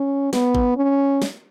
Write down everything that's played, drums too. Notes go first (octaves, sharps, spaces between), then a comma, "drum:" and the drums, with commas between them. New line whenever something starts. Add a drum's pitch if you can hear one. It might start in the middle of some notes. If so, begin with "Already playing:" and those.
Already playing: C#4
B3, drum: snare
drum: kick G#1
C#4
drum: snare